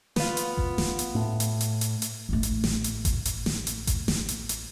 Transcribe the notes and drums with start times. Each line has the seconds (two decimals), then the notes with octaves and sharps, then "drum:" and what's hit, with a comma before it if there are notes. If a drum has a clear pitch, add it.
0.16 B3 F4, drum: snare
0.37 drum: hi-hat
0.57 drum: kick G1
0.78 drum: snare
0.99 drum: hi-hat
1.15 A2
1.40 drum: hi-hat
1.61 drum: hi-hat
1.81 drum: hi-hat
2.02 drum: hi-hat
2.29 A1 A3
2.43 drum: hi-hat
2.64 drum: snare
2.84 drum: hi-hat
3.05 drum: kick G1, hi-hat
3.25 drum: hi-hat
3.46 drum: snare
3.67 drum: hi-hat
3.87 drum: kick G1, hi-hat
4.08 drum: snare
4.29 drum: hi-hat
4.49 drum: hi-hat